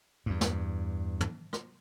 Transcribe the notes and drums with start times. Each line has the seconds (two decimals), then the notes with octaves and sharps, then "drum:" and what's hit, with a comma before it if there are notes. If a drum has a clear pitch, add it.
0.26 E2 G2
0.41 drum: snare
1.21 drum: tom
1.53 drum: rim click